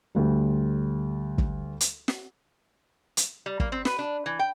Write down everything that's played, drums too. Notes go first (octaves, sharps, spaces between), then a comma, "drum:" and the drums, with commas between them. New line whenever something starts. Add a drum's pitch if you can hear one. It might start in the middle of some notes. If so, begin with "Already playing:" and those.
D2 G3
drum: kick
drum: hi-hat
drum: snare
drum: hi-hat
G3
A#3, drum: kick
C4
B4, drum: snare
D4
E3
G5